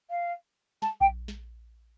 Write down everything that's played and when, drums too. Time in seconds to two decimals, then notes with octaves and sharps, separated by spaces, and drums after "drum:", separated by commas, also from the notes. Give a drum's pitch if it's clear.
0.10 F5
0.82 A5, drum: snare
1.01 G5, drum: kick A#1
1.28 drum: snare